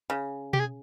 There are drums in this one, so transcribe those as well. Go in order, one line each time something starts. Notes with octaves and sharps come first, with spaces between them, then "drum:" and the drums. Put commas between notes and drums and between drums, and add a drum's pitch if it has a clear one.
C#3
G4, drum: tom B2
G#4